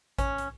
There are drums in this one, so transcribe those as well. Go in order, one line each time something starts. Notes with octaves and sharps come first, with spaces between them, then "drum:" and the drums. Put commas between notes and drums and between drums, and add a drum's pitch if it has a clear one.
C#4, drum: kick A1, hi-hat
drum: hi-hat